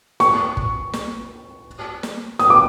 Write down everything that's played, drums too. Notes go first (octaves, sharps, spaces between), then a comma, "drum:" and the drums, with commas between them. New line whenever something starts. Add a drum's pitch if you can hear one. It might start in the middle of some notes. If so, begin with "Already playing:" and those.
C#6, drum: snare
drum: kick
drum: snare
drum: snare
D#6, drum: snare
D6